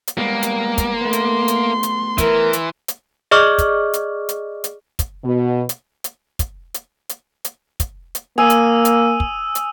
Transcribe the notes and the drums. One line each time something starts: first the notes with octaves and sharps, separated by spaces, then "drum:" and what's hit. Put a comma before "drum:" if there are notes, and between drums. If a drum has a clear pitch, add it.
drum: hi-hat
G3 G#3 A#3 B3
drum: hi-hat
drum: kick, hi-hat
A3 B3 C6
drum: hi-hat
drum: hi-hat
drum: hi-hat
E3 A#4, drum: kick, hi-hat
drum: hi-hat
drum: hi-hat
G#4 D5 D#5 C#6 D6 F6
drum: kick, hi-hat
drum: hi-hat
drum: hi-hat
drum: hi-hat
drum: kick, hi-hat
B2
drum: hi-hat
drum: hi-hat
drum: kick, hi-hat
drum: hi-hat
drum: hi-hat
drum: hi-hat
drum: kick, hi-hat
drum: hi-hat
A#3 G#5 D#6 E6 D#7
drum: hi-hat
drum: hi-hat
drum: kick
drum: hi-hat